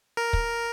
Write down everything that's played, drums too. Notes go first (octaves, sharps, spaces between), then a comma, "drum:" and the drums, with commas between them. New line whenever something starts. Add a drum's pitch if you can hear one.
A#4
drum: kick